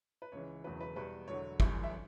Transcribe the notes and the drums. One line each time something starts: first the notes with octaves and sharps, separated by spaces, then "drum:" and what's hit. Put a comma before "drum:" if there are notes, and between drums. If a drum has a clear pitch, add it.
B4
C#2 C#3 E3 C#5
E1 E2 C#3 F#3 B4
B4
E2 B2 G3 B4
E1 E2 D3 F#3 C#5
G1 F#2 E3 G3, drum: kick
E5